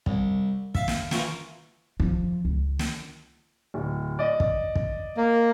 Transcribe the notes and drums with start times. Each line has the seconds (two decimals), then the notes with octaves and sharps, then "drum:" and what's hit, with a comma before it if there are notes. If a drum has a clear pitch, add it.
0.06 C2, drum: kick
0.75 E5 F5, drum: kick
0.88 drum: snare
1.11 E3 F4 F#4 A#4, drum: snare
2.00 F3, drum: kick
2.45 C#2
2.79 drum: snare
3.74 D1
4.19 D5 D#5
4.40 drum: kick
4.75 drum: kick
5.17 A#3